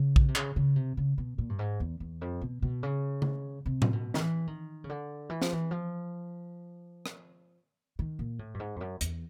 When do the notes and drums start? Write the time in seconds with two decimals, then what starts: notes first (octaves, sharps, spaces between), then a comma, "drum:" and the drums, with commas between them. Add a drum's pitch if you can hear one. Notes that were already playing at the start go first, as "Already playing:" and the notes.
Already playing: C#3
0.16 drum: kick A#1
0.28 C3
0.35 C#3, drum: clap
0.56 C#3
0.76 C3
0.97 C#3
1.18 B2
1.38 A#2
1.49 G2
1.59 G#2
1.80 E2
2.00 E2
2.21 F2
2.41 B2
2.62 B2
2.83 C#3
3.22 drum: tom C#3
3.66 C3
3.82 drum: tom A2
3.93 B2
4.14 D#3, drum: snare
4.20 E3
4.47 D#3
4.84 C#3
4.89 D3
5.30 E3
5.42 F3, drum: snare
5.53 E3
5.71 F3
7.06 drum: rim click
7.99 D#3
8.19 A#2
8.39 A2
8.54 G2
8.60 G#2
8.76 F2
8.81 F#2
9.01 E2, drum: hi-hat